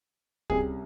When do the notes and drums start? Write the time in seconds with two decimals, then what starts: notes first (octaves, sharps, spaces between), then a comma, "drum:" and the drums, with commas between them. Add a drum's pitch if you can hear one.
0.50 C2 C3 G3 C#4 G#4, drum: kick